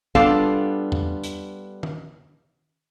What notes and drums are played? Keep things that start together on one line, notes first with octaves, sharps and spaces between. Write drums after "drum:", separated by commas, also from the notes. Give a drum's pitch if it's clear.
G3 B3 D4 F4 A4 F5, drum: kick
drum: tom E2
drum: hi-hat
drum: tom